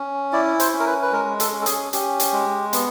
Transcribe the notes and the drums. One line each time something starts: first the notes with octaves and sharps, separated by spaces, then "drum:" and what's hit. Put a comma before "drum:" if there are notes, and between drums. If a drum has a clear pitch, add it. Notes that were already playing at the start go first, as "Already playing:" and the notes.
Already playing: C#4
E4 D5
C5, drum: hi-hat
C#4
A#4
B4
B4
G#3 A#4
A4, drum: hi-hat
C#4
A4
G#4, drum: hi-hat
C#4 G4, drum: hi-hat
drum: hi-hat
G#3
B3, drum: hi-hat